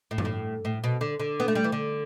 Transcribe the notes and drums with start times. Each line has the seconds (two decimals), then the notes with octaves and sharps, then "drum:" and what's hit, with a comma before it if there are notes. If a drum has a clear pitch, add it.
0.11 A2
0.18 G2, drum: tom G2
0.25 A2
0.65 A2
0.84 B2
1.01 D3
1.20 D3
1.40 B3
1.48 A3
1.55 G3
1.64 E3
1.72 D3